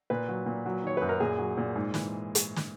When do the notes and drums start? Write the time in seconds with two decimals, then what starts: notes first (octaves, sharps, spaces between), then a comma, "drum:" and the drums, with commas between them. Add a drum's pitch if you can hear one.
0.10 A#2 B4
0.28 F#3
0.46 A#2
0.66 F#3
0.83 D#3 C#5
0.97 F#2 B4
1.09 A#4
1.20 A#2 G#4
1.38 F#3
1.57 A#2
1.76 G#2
1.94 E3, drum: snare
2.35 drum: hi-hat
2.56 drum: snare